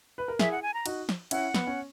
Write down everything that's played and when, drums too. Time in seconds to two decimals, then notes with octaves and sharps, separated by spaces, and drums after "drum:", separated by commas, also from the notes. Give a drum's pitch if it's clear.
0.18 B4
0.28 A#4
0.39 E4 G#4 E5, drum: snare
0.51 F#5
0.63 G#5
0.74 A#5
0.86 D#4 F#4, drum: cymbal
1.09 drum: snare
1.31 C#4 E4 F#5, drum: cymbal
1.54 B3, drum: snare
1.67 C#4